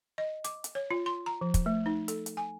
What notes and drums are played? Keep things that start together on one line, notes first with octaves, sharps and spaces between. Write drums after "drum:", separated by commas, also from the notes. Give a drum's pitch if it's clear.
D#5
D6, drum: hi-hat
drum: hi-hat
C#5
F4
C6
A#5
F3
drum: kick, hi-hat
A3
D#4
A4, drum: hi-hat
drum: hi-hat
G#5